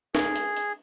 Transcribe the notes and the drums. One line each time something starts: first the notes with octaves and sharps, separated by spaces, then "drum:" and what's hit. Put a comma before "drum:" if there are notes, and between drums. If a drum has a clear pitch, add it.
G#4, drum: snare
drum: hi-hat
drum: hi-hat